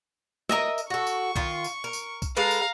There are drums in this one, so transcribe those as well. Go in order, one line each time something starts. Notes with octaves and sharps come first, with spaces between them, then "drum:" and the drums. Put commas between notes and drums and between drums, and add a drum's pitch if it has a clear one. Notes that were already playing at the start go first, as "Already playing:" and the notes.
A#4 D#5 E5, drum: snare
drum: tambourine
F#4 A4 C#6
drum: tambourine
D#3 F4, drum: kick B1
drum: tambourine
A#4
drum: tambourine
drum: kick B1, tambourine
G#3 A4 B4 F5 A#5
drum: tambourine